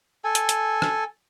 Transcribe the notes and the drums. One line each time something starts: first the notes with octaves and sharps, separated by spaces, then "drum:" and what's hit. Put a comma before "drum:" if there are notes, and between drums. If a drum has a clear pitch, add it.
A4 G#5
drum: hi-hat
drum: hi-hat
drum: rim click